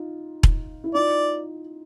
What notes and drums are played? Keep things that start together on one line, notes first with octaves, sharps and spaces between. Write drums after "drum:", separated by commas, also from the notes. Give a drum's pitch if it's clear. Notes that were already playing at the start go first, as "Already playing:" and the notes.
Already playing: D#4 F4
drum: kick E1
E4
D#4 F4 D5